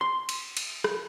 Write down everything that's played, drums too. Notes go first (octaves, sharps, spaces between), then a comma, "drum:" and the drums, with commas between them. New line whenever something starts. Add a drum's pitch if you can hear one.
C6
drum: cymbal
drum: cymbal
drum: rim click